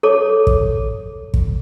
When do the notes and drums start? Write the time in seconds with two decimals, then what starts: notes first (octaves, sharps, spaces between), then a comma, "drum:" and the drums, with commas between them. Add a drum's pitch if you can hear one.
0.03 A4 C#5 D6
0.47 drum: kick
1.34 drum: kick